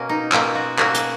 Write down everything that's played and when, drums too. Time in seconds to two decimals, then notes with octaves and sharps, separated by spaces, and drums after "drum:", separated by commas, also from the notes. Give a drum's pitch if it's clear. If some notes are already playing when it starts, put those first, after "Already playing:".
Already playing: B2 A#3 C#4
0.09 D#4
0.32 B2 A#3 C#4 F4, drum: clap
0.55 F#4
0.79 B2 A#3 C#4 F#4, drum: clap
0.95 G#4, drum: hi-hat